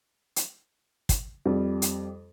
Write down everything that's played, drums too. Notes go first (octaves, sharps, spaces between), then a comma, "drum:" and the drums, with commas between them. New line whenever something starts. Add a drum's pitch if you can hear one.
drum: hi-hat
drum: kick, hi-hat
F2 G3
drum: hi-hat